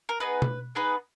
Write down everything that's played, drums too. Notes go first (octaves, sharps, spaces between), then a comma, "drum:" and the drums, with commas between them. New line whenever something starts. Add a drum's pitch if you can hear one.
A#4
B3 D#4 G#4 B4
drum: tom B2
B3 D#4 G#4 B4